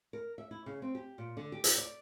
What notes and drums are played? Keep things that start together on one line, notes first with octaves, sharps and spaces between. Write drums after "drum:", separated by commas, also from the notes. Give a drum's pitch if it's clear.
A#4
E5
E4
C#3
C4
G4
A#2
D3
G4
drum: hi-hat
D5